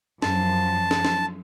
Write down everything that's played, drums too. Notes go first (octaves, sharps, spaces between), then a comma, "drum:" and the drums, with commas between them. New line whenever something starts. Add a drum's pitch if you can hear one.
F#2 F3 A5, drum: snare
drum: snare
drum: snare